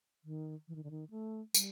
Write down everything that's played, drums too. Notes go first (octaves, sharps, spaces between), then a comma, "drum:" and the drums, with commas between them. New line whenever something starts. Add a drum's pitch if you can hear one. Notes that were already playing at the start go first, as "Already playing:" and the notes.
D#3
E3
D#3
D3
D#3
A3
G3, drum: tambourine